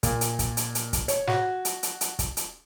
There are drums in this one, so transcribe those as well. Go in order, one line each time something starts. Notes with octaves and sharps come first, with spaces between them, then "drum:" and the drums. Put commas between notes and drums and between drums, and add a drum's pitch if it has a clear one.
A#2, drum: kick, hi-hat
drum: hi-hat
drum: kick, hi-hat
drum: hi-hat
drum: hi-hat
drum: kick, hi-hat
C#5, drum: hi-hat
F#4, drum: snare
drum: hi-hat
drum: hi-hat
drum: hi-hat
drum: kick, hi-hat
drum: hi-hat